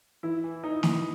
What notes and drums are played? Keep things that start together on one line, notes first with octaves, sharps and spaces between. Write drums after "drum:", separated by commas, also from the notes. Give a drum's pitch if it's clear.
E3 E4
E3
E3 D#4
E3, drum: snare